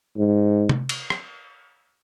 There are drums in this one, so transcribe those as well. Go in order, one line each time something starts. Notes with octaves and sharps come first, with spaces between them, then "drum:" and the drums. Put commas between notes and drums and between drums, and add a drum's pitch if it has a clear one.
G#2
drum: tom C3
drum: cymbal
drum: rim click